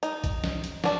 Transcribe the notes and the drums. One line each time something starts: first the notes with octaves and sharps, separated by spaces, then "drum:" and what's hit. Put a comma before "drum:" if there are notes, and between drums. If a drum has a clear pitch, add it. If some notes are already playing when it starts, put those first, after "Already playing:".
D#4, drum: hi-hat
drum: kick, hi-hat
drum: snare
drum: hi-hat
D4 F#4, drum: snare